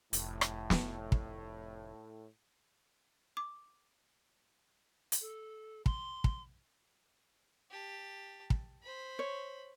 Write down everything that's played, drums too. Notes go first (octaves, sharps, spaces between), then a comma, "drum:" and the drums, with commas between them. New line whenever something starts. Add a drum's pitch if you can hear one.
F1 A2, drum: hi-hat
drum: rim click
drum: snare
drum: kick
D6
drum: hi-hat
A4
C6, drum: kick
drum: kick
G4 A5
drum: kick
C5 B5
C#5